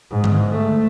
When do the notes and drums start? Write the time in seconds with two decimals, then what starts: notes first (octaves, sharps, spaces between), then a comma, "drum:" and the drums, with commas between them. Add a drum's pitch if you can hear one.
0.11 G#2
0.24 drum: tom D3
0.52 A3